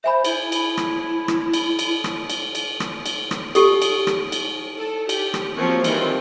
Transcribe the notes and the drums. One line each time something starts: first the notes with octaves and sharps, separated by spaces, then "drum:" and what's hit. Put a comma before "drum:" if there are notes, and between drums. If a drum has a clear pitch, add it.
C5 E5 G#5 B5
E4, drum: cymbal
drum: cymbal
drum: rim click
drum: rim click
drum: cymbal
drum: cymbal
drum: rim click
drum: cymbal
drum: cymbal
drum: rim click
drum: cymbal
drum: rim click
G4 A4, drum: cymbal
drum: cymbal
drum: rim click
drum: cymbal
A4
G4, drum: cymbal
drum: rim click
F3 F#3 A#3 C4 C#4 C#5
D#3 E3 G3 C4 F4, drum: cymbal